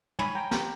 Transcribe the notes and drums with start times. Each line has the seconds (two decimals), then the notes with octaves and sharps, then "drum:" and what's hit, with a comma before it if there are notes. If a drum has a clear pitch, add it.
0.19 C#5 G#5 B5, drum: tom
0.35 G5 A#5
0.51 G4 G5 A#5, drum: snare